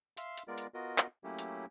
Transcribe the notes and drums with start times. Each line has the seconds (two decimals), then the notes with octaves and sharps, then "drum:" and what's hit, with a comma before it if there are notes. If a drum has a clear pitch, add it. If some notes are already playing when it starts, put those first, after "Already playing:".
0.17 E5 F5 C6, drum: hi-hat
0.38 drum: hi-hat
0.48 G#3 B3 F4 A#4 D5
0.58 drum: hi-hat
0.74 B3 F4 F#4 A#4 D#5
0.98 drum: clap
1.24 F#3 A3 A#3 C#4 E4 G4
1.39 drum: hi-hat